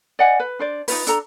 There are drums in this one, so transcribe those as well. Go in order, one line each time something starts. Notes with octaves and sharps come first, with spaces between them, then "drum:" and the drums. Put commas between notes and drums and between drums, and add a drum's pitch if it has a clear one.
D5 D#5 F#5 G#5
B4
D4 C5 D5
D#4 F4 B4, drum: open hi-hat
D4 A4 A#5, drum: hi-hat